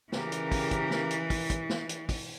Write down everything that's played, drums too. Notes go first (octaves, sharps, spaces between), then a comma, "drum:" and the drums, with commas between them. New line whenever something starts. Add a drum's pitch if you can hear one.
C#3 E3 G4 A#4, drum: snare
drum: hi-hat
drum: kick, open hi-hat
drum: kick, hi-hat
drum: snare
drum: hi-hat
drum: kick, open hi-hat
drum: kick, hi-hat
drum: snare
drum: hi-hat
drum: kick, open hi-hat